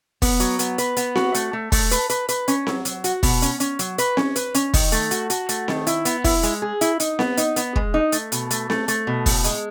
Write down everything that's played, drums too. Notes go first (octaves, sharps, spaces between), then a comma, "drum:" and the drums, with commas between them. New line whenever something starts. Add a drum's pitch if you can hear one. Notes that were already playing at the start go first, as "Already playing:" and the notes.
B3, drum: kick, open hi-hat
F#3, drum: hi-hat
B3, drum: hi-hat
B4, drum: hi-hat
B3, drum: hi-hat
F#4, drum: snare C4
A3, drum: hi-hat
A3
A3, drum: kick, open hi-hat
B4, drum: hi-hat
B4, drum: hi-hat
B4, drum: hi-hat
C#4, drum: hi-hat
F#3, drum: snare C4
F#3, drum: hi-hat
F#4, drum: hi-hat
B2, drum: kick, open hi-hat
C#4, drum: hi-hat
C#4, drum: hi-hat
F#3, drum: hi-hat
B4, drum: hi-hat
C#4, drum: snare C4
B4, drum: hi-hat
C#4, drum: hi-hat
D#3, drum: kick, open hi-hat
A3, drum: hi-hat
F#4, drum: hi-hat
F#4, drum: hi-hat
A3, drum: hi-hat
D#3, drum: snare C4
E4, drum: hi-hat
B3, drum: hi-hat
E4, drum: kick, open hi-hat
G#3, drum: hi-hat
G#4
E4, drum: hi-hat
D#4, drum: hi-hat
B3, drum: snare C4
D#4, drum: hi-hat
B3, drum: hi-hat
G#3, drum: kick
D#4
A3, drum: hi-hat
B2, drum: hi-hat
A3, drum: hi-hat
A3, drum: snare C4
A3, drum: hi-hat
B2
A2, drum: kick, open hi-hat
G#3, drum: hi-hat